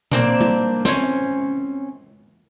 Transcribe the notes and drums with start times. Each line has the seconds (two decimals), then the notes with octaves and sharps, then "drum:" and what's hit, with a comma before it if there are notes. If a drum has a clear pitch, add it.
0.12 A#3 C4 D4, drum: tom A#2
0.41 drum: tom G3
0.85 C4 C#4, drum: snare